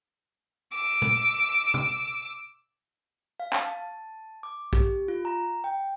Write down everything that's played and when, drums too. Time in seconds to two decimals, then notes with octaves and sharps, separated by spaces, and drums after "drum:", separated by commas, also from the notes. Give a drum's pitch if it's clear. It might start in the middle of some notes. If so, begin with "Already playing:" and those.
0.72 D6 E6
1.02 drum: tom A#2
1.74 drum: tom
3.40 F5
3.53 A5, drum: clap
3.72 A5
4.43 D6
4.73 G4, drum: kick A#1
5.08 F4
5.25 A#5
5.64 G5